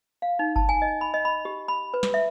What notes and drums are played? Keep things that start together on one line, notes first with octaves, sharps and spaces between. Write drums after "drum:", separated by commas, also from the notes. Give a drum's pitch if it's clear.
F5
D#4
A5, drum: kick G1
G#5
D#5
B5
D#5
B5
G4
B5
B4
drum: snare
E5